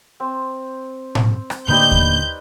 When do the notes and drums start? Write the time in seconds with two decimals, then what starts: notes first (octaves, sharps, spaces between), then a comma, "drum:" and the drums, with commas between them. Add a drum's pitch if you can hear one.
0.20 C4
1.15 drum: tom A2
1.50 drum: rim click
1.68 A2 D3 G3 A#3 D#4 B4 G6
1.92 drum: kick D#2